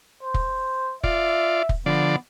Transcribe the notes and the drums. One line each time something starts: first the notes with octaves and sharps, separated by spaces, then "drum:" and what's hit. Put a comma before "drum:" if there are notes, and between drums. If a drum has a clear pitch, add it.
C5
drum: kick
F4 D5 E5, drum: kick
drum: kick
D3 F3 B3 D5